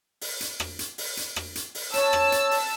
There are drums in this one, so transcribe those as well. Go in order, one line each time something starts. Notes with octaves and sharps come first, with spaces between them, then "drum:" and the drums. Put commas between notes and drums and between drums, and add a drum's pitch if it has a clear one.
drum: open hi-hat
drum: hi-hat
drum: rim click
drum: hi-hat
drum: open hi-hat
drum: hi-hat
drum: rim click
drum: hi-hat
drum: open hi-hat
C#5 A5 E6, drum: hi-hat
drum: rim click
drum: hi-hat
drum: open hi-hat